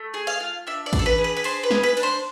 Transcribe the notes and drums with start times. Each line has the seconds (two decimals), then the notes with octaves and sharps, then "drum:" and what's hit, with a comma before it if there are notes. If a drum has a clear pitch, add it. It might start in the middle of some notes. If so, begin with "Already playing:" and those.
Already playing: A3
0.14 G#4
0.27 F5
0.40 F4
0.67 D4 E5
0.86 D5
0.93 D4, drum: kick A1, cymbal
0.99 A4
1.06 B4
1.18 G#4
1.24 B4
1.37 B4
1.44 D4 C5, drum: cymbal
1.63 B4
1.71 G#4, drum: snare
1.83 B4
1.97 D4, drum: cymbal
2.03 C5